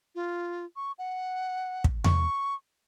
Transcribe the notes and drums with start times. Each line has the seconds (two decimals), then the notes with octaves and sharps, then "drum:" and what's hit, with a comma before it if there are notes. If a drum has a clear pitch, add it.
0.15 F4
0.76 C#6
0.99 F#5
1.84 drum: kick
2.04 C#6, drum: tom E2